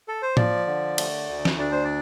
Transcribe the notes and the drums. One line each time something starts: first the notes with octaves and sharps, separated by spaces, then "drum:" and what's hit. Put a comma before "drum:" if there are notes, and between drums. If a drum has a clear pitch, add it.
A4
C5
F3 D5, drum: tom A2
D3
A3, drum: cymbal
D2
drum: snare
D4 D5
C5
D5